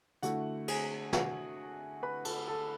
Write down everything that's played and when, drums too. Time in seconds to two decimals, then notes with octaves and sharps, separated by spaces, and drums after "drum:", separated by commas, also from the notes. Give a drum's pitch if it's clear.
0.23 D3 A3 E4 F#4 F#5, drum: hi-hat
0.68 G#4 G#5, drum: cymbal
1.13 F#4 F#5, drum: snare
2.03 B4 B5
2.25 A4 A5, drum: cymbal
2.48 A4 A5